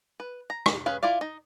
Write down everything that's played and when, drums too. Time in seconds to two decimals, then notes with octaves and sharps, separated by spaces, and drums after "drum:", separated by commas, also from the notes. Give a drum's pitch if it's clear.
0.20 B4
0.50 A#5
0.66 drum: rim click
0.86 C#4 G#4 B4 F5
1.03 E4 F4 D5 F5
1.21 D#4